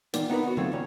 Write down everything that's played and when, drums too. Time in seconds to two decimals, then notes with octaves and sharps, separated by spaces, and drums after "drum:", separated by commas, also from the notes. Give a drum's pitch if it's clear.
0.14 E2 A#2 D#3, drum: hi-hat
0.30 B3 D#4 F4 A#4 B4
0.43 B3 F#4
0.57 F#3 A3 C4 F4 A4 C#5, drum: tom D3
0.72 E2 A#2 C#4 C#5